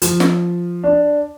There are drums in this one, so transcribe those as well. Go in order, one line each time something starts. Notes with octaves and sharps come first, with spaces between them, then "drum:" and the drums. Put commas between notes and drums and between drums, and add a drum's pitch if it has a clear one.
F3, drum: hi-hat
drum: snare
D4